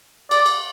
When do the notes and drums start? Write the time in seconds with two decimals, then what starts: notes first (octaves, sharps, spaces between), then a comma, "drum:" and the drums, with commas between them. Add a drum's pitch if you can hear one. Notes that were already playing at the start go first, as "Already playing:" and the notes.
0.31 D5, drum: cymbal
0.46 drum: cymbal